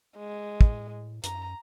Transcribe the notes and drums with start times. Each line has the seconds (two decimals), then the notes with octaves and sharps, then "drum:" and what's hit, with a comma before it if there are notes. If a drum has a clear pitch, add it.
0.18 G#3
0.61 A2, drum: kick
1.24 F#2 A#5, drum: hi-hat